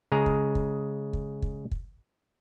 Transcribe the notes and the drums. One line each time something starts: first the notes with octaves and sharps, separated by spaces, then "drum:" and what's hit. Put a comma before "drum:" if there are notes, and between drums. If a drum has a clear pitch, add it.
C#3 G#3 G#4 A#5
drum: kick
drum: kick
drum: kick
drum: kick
drum: kick